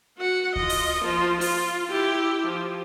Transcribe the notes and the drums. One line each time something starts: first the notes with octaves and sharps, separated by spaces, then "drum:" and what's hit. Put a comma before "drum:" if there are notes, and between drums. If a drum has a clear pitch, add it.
F#4 F#5
F4 D#5, drum: kick D2
drum: open hi-hat
F3 F4
F4, drum: open hi-hat
E4 G4
F3